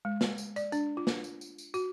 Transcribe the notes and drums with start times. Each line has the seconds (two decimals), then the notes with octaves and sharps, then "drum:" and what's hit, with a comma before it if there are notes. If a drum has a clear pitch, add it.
0.05 G#3
0.21 drum: snare
0.38 drum: tambourine
0.56 D5, drum: tambourine
0.72 D4, drum: tambourine
0.97 F4
1.07 drum: snare
1.24 drum: tambourine
1.41 drum: tambourine
1.58 drum: tambourine
1.74 F#4, drum: tambourine